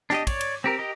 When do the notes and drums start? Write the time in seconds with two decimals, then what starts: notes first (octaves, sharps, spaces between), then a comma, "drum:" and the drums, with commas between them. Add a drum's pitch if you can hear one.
0.10 D4 G4 D#5, drum: snare
0.27 C#5 D5, drum: kick, cymbal
0.41 drum: cymbal
0.64 C4 G4 A#4
0.79 G4 A#4 D#5